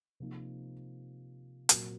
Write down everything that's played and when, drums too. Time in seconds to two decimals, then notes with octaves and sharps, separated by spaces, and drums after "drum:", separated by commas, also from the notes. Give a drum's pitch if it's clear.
0.20 C3 F3 A#3 D#4
1.69 A#2 F#3 C4 F#4 A#4, drum: hi-hat